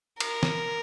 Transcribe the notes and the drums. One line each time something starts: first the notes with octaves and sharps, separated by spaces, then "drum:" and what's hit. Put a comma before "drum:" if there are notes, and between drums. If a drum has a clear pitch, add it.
A#4, drum: cymbal
drum: snare